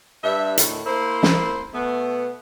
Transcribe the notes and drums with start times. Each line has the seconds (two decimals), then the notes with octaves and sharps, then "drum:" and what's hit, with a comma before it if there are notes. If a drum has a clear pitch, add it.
0.24 G2 E5
0.57 D2 A2 D#3, drum: hi-hat
0.86 A#3 E4 C5
1.23 drum: snare
1.73 B2 A3 B3